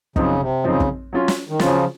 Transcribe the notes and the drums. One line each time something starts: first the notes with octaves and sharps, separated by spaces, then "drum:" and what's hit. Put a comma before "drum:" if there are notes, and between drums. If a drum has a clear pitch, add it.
F#2 C#3 F3 C4 D#4, drum: kick
C3
F#2 C#3 F3 C4 D#4
drum: kick
F#3 C#4 F4
drum: snare
D#3
C#3 F3 F#3 C#4 F4, drum: snare